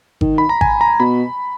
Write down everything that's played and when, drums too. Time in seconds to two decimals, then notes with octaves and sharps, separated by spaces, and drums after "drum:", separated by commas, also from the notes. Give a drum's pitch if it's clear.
0.21 D#3, drum: kick G#1
0.38 B5
0.49 A#5
0.61 G#5, drum: kick G#1
0.81 A#5
1.00 B2 B5